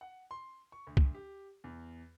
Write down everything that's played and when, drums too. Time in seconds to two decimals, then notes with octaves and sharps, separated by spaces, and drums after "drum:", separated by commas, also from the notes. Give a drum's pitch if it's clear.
0.01 F#5
0.31 C6
0.72 C#6
0.87 D2
0.97 drum: kick
1.14 G4
1.64 E2